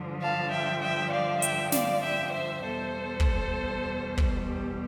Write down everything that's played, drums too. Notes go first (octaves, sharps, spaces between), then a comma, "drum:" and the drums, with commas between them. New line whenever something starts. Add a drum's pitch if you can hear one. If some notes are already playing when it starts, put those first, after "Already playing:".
Already playing: G2 D3 F3
F5 A5
E5 G5
E5 G5
D5 F5
E5 G5, drum: hi-hat
D5 F5, drum: snare
E5 G5
C5 E5
E2 B2 G3 A4 C5
drum: kick
drum: kick
G4